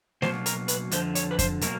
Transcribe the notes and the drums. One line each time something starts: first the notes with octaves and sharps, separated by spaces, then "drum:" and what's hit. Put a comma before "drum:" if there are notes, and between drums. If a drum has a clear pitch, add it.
B2 F#3 A#3 C5, drum: snare A3
A#4, drum: hi-hat
B4, drum: hi-hat
F2 D3 F3 C5, drum: hi-hat
C#5, drum: hi-hat
B4
C5, drum: kick F2, hi-hat
B2 F#3 A#3 A#4, drum: hi-hat